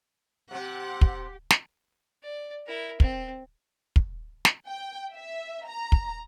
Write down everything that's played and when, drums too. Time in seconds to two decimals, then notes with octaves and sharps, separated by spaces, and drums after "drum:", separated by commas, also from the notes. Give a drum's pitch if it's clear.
0.51 C3 C4 G4 F#5
1.01 drum: kick
1.50 drum: snare
2.23 D5
2.66 E4 A#4
3.00 C4, drum: kick
3.96 drum: kick
4.45 drum: snare
4.68 G5
5.15 E5
5.67 A#5
5.92 drum: kick